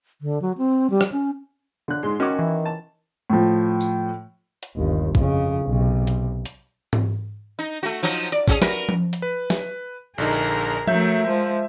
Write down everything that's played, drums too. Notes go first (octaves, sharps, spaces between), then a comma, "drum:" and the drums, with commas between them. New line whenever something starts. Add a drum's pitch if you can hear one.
D3
F#3
C4
G3
drum: rim click
C#4
D3 F#6
G#2 G#3 C6
D#3 C#4 F#4 D6
E3
A5
A2 F3
drum: tambourine
drum: hi-hat
G1 D#2
F2 C#3, drum: kick
B1 C3
drum: hi-hat
drum: hi-hat
drum: tom G#2
D#4
A3 F#4
F3 F#3 D#4
D5, drum: hi-hat
C#4 F#4 G#4, drum: kick
F#4 A#4 B4, drum: snare
drum: tom F3
drum: hi-hat
B4
drum: snare
A#1 D3 D#4 G#4 A#4 A#5
F#3 A3 A#4 E5 G6, drum: tom F3
F3 G#3